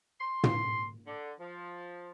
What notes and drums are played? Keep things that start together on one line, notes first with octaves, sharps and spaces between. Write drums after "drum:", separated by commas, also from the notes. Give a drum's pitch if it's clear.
C6
drum: tom
D3
F3